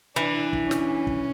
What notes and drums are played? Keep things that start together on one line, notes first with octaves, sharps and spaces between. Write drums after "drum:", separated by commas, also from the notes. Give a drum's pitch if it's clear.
E3 D4
drum: kick
C#4, drum: snare
drum: kick